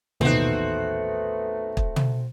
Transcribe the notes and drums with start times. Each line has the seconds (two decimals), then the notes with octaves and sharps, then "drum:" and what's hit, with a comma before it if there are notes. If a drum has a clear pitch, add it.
0.21 A1 D#2 A#2 A3 B3 C4 D#4 F#4, drum: tom
1.77 drum: kick
1.96 drum: tom